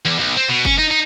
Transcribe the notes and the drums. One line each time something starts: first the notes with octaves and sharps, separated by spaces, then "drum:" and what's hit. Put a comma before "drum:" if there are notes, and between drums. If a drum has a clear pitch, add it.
E2
B1
C4
B2
C#4, drum: kick
D#4
D#4